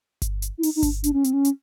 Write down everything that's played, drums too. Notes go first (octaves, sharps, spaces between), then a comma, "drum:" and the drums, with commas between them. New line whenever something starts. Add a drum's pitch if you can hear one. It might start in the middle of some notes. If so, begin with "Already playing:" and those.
drum: kick G1, hi-hat
drum: hi-hat
E4
D#4, drum: open hi-hat
D#4
D4, drum: kick G1, hi-hat
D4, drum: hi-hat
C#4
C4, drum: hi-hat
C#4
drum: hi-hat